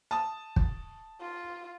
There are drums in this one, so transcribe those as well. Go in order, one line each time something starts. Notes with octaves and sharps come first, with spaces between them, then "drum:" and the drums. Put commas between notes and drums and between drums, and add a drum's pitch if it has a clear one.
A5 D#6
drum: kick
F4